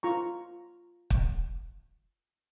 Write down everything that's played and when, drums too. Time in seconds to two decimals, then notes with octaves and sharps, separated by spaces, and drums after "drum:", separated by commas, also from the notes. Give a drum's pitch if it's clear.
0.03 F4 A#5 C#6
1.10 drum: kick